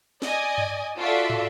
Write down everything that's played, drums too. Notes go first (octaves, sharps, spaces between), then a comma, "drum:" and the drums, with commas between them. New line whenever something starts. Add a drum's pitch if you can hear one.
D5 D#5 G#5, drum: snare
drum: tom G2
F4 F#4 A4 D5 E5
drum: tom